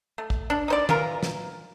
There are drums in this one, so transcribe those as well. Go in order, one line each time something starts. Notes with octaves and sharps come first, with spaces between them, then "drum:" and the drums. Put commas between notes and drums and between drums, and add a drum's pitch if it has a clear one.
A3
drum: kick
D4
D#4 C5 D5
E3 F4 A#4, drum: tom
drum: snare